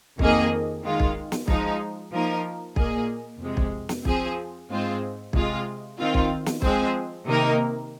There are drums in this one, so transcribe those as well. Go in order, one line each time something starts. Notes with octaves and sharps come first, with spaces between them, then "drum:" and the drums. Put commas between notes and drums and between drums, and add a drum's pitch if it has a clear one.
F2 D#3 A#3 G#4 D#5, drum: kick
D#3 G#3 F4
drum: kick
drum: snare
F3 G#3 D#4, drum: kick
F3 A#3 D#4 A#4
A#2 A#3 G#4 D#5, drum: kick
F2 C3 G#3
drum: kick
drum: snare
F3 C4 G#4 C5, drum: kick
G#2 G#3 C4 F4 C5
C3 G#3 F4, drum: kick
D#3 C4 F4
drum: kick
drum: snare
F3 G#3 C4 G#4 C5, drum: kick
C3 D#3 A#3 D#4 A#4